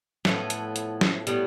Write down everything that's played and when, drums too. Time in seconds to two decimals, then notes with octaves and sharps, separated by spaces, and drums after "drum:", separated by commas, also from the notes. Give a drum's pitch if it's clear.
0.25 A2 F3 B3, drum: snare
0.50 drum: hi-hat
0.76 drum: hi-hat
1.01 drum: snare
1.27 A2 G3 B3, drum: hi-hat